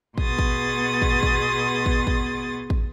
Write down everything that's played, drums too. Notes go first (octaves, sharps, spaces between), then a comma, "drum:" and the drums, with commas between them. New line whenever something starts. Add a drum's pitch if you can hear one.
B2 B3 G#4 C6 D#6 A6, drum: kick
drum: kick
drum: kick
drum: kick
drum: kick
drum: kick
drum: kick